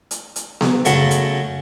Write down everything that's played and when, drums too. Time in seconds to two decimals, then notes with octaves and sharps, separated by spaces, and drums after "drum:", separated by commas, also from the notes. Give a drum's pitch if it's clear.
0.11 drum: hi-hat
0.36 drum: hi-hat
0.61 drum: snare B3
0.85 F#2 C#3 F#3 A3 F#5, drum: hi-hat
1.11 drum: hi-hat